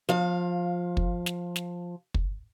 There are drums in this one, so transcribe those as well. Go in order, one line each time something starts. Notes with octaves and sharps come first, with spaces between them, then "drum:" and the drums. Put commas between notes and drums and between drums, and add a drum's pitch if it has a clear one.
F3 F5, drum: snare
drum: kick
drum: snare
drum: snare
drum: kick